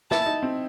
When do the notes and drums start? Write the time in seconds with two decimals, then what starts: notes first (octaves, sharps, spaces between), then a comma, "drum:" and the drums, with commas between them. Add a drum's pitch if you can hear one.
0.11 E4 A5, drum: snare
0.26 D#4
0.43 C4